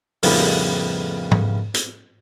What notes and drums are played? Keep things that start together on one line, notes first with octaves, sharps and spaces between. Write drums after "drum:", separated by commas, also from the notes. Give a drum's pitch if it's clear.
F2 A2 C#3 G3 A#3 B3, drum: open hi-hat
drum: tom
drum: hi-hat